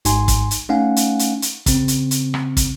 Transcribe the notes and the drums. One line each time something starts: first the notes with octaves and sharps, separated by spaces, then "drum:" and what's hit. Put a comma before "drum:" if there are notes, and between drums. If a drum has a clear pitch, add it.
G#1 G#2 D#4 G#5 C6, drum: hi-hat
drum: kick, hi-hat
drum: hi-hat
A3 C#4 D#4 F5 F#5 G#5
drum: hi-hat
drum: hi-hat
drum: hi-hat
C#3 C4, drum: kick, hi-hat
drum: hi-hat
drum: hi-hat
drum: rim click
drum: kick, hi-hat